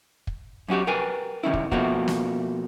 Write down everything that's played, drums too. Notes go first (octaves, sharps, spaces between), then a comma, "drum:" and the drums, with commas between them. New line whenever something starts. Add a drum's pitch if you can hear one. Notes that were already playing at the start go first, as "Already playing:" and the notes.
drum: kick
F#2 C#4 F#4 G4
A#4 B4 G5 G#5
C3 D#3 C#4 E4
drum: kick
B2 F3 A3 A#3 C4 F#4, drum: kick
drum: snare